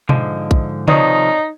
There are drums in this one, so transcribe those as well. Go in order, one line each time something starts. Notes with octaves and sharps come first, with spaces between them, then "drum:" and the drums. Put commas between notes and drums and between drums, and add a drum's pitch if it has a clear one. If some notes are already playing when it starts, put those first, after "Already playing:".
G#2 D3 F3 D#5, drum: tom B2
drum: kick A#1
C3 D#3 F3 D#4 C#5 D5 D#6, drum: tom C#3